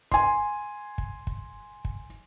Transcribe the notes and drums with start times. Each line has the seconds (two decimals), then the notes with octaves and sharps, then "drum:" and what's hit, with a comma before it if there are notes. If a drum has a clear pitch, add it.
0.12 G#5 C6, drum: kick
0.98 drum: kick
1.27 drum: kick
1.85 drum: kick